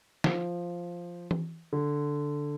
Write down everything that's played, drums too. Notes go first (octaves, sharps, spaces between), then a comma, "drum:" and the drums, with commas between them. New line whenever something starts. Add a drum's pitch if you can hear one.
F3, drum: snare
drum: tom E3
D3